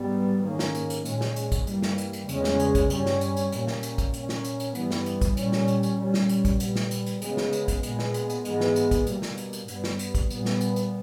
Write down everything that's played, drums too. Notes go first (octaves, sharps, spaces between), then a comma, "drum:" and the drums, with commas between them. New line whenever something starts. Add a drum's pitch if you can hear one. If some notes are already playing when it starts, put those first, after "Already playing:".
Already playing: G#2 G3 B3
G#2 D#3 A#3 C#4
drum: snare
drum: hi-hat
drum: hi-hat
A#2 G#3 C#4, drum: hi-hat
drum: snare
drum: hi-hat
drum: kick, hi-hat
G2 E3 G3 A#3, drum: hi-hat
drum: snare
drum: hi-hat
drum: hi-hat
E2 C#3 G#3 C#4, drum: hi-hat
drum: snare
drum: hi-hat
drum: kick, hi-hat
G2 G3 C#4, drum: hi-hat
drum: snare
drum: hi-hat
drum: hi-hat
A#2 G3 A#3 C#4, drum: hi-hat
drum: snare
drum: hi-hat
drum: kick, hi-hat
A#2 A#3 C#4, drum: hi-hat
drum: snare
drum: hi-hat
drum: hi-hat
G2 E3 G3 B3, drum: hi-hat
drum: snare
drum: hi-hat
drum: kick, hi-hat
A#2 G3 C#4, drum: hi-hat
drum: snare
drum: hi-hat
drum: hi-hat
A#2 G3 C#4
drum: snare
drum: hi-hat
drum: kick, hi-hat
A#2 G3 B3, drum: hi-hat
drum: snare
drum: hi-hat
drum: hi-hat
C#3 G#3 B3, drum: hi-hat
drum: snare
drum: hi-hat
drum: kick, hi-hat
A#2 G#3 B3, drum: hi-hat
drum: snare
drum: hi-hat
drum: hi-hat
G#2 E3 G#3 B3, drum: hi-hat
drum: snare
drum: hi-hat
drum: kick, hi-hat
B2 G3 A#3, drum: hi-hat
drum: snare
drum: hi-hat
drum: hi-hat
G2 G3 B3, drum: hi-hat
drum: snare
drum: hi-hat
drum: kick, hi-hat
A#2 G3 B3, drum: hi-hat
drum: snare
drum: hi-hat
drum: hi-hat